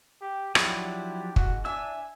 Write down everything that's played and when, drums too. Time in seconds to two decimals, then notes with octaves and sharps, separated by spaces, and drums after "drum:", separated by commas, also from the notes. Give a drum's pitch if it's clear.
0.21 G4
0.55 F3 F#3 D4 E4 G4, drum: rim click
1.36 G#2 F#4, drum: kick
1.65 D4 E5 G#5 E6